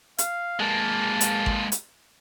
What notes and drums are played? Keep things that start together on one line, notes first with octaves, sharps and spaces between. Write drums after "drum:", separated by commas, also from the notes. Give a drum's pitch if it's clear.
F5, drum: hi-hat
G#3 A#3 A5
drum: hi-hat
drum: kick G#1
drum: hi-hat